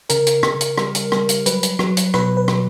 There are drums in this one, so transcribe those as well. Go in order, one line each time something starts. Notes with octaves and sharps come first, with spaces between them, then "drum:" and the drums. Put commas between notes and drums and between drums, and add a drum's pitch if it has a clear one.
C#3 A#4, drum: hi-hat
drum: hi-hat
C#3, drum: rim click
drum: hi-hat
G3, drum: rim click
drum: hi-hat
G3, drum: rim click
drum: hi-hat
F#3 B4, drum: hi-hat
drum: hi-hat
F#3, drum: rim click
drum: hi-hat
B2 B4, drum: rim click
B4
F#3, drum: rim click